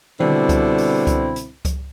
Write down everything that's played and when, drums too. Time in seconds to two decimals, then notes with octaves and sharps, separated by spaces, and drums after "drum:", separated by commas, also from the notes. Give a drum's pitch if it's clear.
0.20 B2 D3 G3 C4 E4, drum: tom D3
0.49 drum: kick C#2, hi-hat
0.78 drum: open hi-hat
1.07 drum: kick C#2, hi-hat
1.36 drum: hi-hat
1.65 drum: kick C#2, hi-hat